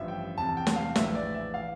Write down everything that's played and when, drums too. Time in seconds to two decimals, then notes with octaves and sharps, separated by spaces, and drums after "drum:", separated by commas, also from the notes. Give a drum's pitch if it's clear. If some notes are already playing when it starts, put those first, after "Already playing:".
Already playing: A1 G2 F3 E5
0.08 G5
0.38 E2 C3 E3 A5
0.57 G5
0.67 drum: snare
0.76 F5
0.96 A#1 A2 E3 E5, drum: snare
1.15 D5
1.34 E5
1.54 E3 F5